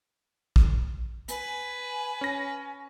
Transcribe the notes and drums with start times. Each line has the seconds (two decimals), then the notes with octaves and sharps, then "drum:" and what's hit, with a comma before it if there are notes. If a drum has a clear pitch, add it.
0.56 drum: kick
1.28 B4 G#5, drum: hi-hat
2.21 C#4 A#6